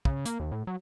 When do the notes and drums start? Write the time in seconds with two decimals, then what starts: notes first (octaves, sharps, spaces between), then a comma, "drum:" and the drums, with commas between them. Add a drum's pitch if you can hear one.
0.05 C#3, drum: kick
0.26 A#3, drum: hi-hat
0.40 D#2
0.51 A2
0.67 F#3